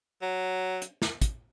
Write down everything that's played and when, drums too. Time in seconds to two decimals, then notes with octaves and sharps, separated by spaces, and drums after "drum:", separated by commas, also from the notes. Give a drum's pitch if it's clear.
0.22 F#3
0.82 drum: hi-hat
1.02 drum: snare
1.22 drum: kick, hi-hat